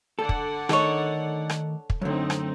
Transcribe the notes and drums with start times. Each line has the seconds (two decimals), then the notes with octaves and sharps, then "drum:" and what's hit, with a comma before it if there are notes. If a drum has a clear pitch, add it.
0.19 D3 A4 D5 F#5
0.29 drum: kick
0.69 D#3 A3 D#4 A4 C#5, drum: rim click
1.49 drum: rim click
1.90 drum: kick
2.02 F#2 D3 A3 C4 D#4
2.30 drum: rim click